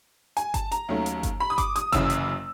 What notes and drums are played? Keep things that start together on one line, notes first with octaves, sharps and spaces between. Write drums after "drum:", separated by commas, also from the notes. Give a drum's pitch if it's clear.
G#5, drum: hi-hat
A5, drum: kick G1, hi-hat
A#5, drum: hi-hat
D#2 D#3 F#3 A3 C#4
drum: hi-hat
drum: kick G1, hi-hat
B5
D#6
D6, drum: kick G1, hi-hat
D#6, drum: hi-hat
F#1 F#2 C#3 E3 E6, drum: kick G1, hi-hat
drum: hi-hat